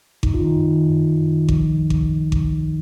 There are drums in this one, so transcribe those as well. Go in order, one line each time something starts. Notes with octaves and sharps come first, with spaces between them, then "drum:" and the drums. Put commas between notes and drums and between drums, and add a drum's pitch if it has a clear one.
F#2 D#4, drum: kick G#1
F4
D#3
D#4
F#2
D#3
F#2
D#3
F#2
D#3
F3, drum: kick G#1
C2
drum: kick G#1
drum: kick G#1